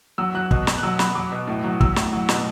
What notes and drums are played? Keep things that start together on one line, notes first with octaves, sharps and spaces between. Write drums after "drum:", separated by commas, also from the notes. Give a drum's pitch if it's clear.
F#3 E6
F#3 F#6
B2, drum: kick
B2, drum: snare
F#6
F#3 E6
F#3 B5, drum: snare
F#3 D6
B2
A2
F#3
F#3 E6, drum: kick
A2, drum: snare
F#3
B2, drum: snare